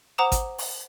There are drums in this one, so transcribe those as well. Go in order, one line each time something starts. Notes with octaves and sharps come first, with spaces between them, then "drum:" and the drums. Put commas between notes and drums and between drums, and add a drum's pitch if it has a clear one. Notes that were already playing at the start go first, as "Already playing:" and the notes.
C5 F#5 A#5 D6 D#6 E7
drum: kick G#1, hi-hat
drum: open hi-hat